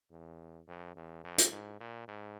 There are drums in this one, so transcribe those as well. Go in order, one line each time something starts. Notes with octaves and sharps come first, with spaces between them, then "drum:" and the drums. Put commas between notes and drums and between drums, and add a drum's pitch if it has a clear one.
E2
F2
E2
F2
drum: hi-hat
G#2
A#2
G#2